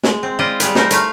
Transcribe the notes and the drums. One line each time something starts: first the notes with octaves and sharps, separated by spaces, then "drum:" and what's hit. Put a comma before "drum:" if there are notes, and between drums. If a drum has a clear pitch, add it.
G#3, drum: snare
C4
E4 F4 C5 D5 D#5
G3 G#4 B4, drum: hi-hat
D#4 A#4 C5, drum: snare
A3 E4 F5, drum: hi-hat